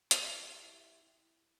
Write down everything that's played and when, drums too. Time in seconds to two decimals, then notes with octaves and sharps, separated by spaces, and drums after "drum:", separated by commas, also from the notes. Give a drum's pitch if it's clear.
0.11 E4 G4, drum: hi-hat